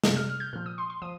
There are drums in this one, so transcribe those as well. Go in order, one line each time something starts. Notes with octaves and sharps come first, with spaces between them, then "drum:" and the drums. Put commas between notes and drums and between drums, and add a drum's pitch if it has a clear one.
C3 G3 D#6, drum: snare
F6
F6
G6
A#2 F3 F6
D#6
C6
C6
F3 D#6